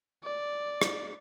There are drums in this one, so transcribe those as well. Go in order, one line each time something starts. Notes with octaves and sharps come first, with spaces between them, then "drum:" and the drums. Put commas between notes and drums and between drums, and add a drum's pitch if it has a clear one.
D5
drum: rim click